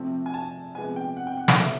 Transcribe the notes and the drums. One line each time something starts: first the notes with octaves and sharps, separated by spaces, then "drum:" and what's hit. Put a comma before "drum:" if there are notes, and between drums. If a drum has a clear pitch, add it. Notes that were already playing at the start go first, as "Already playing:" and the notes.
Already playing: C3 F3 A3 C4
G#5
A5
C3 F3 G#3 B3 G#5
G5
F#5
G5
F#5
F5, drum: snare
D3 F#3 B3 E5